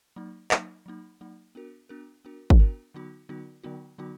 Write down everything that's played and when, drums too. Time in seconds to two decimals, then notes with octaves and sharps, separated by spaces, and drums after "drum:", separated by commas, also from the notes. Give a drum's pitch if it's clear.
0.16 F#3 A#3 D#4
0.51 F#3 A#3 D#4, drum: clap
0.86 F#3 A#3 D#4
1.21 F#3 A#3 D#4
1.55 B3 D4 F#4 A#4
1.89 B3 D4 F#4 A#4
2.25 B3 D4 F#4 A#4
2.50 drum: kick
2.59 B3 D4 F#4 A#4
2.94 D3 F#3 B3 D#4 F#4
3.29 D3 F#3 B3 D#4 F#4
3.63 D3 F#3 B3 D#4 F#4
3.98 D3 F#3 B3 D#4 F#4